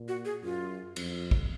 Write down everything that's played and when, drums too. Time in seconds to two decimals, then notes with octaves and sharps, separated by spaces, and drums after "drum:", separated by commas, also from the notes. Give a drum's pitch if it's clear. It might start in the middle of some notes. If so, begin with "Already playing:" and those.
Already playing: A#2
0.08 F#4
0.25 G#4
0.43 F#2 F4
0.96 F2, drum: cymbal
1.31 drum: kick